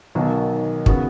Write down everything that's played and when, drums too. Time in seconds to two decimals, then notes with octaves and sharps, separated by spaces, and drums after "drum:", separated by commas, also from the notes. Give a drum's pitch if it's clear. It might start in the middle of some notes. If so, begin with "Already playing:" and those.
0.15 B1 B2 D#3 F#3
0.86 C#3 B3 F#4, drum: kick